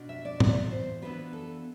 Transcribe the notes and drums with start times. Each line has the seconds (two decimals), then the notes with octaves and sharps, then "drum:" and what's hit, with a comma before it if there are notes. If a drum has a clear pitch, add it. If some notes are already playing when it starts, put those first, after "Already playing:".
Already playing: B2 B3 D4 F4
0.09 E5
0.25 D5
0.40 E3 B3 F4 D5, drum: tom
0.71 C5
1.02 E3 B3 D4 F4 B4
1.33 A4